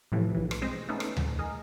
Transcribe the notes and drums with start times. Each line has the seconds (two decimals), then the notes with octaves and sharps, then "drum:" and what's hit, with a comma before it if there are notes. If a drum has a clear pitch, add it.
0.12 A2 C3 E3 F3
0.35 B1 E3
0.51 drum: rim click
0.62 G#3 C4 C5 D#5
0.89 A3 B3 C#4 D#4
1.00 drum: rim click
1.17 drum: tom D2
1.39 G#4 A#4 D#5